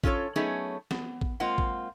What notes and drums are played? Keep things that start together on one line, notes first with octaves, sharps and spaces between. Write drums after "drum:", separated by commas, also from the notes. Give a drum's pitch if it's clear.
C#4 F4 A4 A#4 C#5, drum: kick A1
F#3 A3 B3 C#4 D#4 G#4
B3, drum: snare
drum: kick A1
G#3 A#3 C4 F4 F#5
drum: kick A1